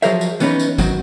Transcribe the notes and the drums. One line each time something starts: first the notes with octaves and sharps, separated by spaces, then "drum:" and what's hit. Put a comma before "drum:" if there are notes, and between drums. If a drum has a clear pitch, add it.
F3 F#3 G#4 A#4 C5 E5, drum: tambourine
drum: tambourine
E3 B3 C#4 D#4 B4, drum: tambourine
drum: tambourine
D#3 F#3 C4, drum: kick G#1, tambourine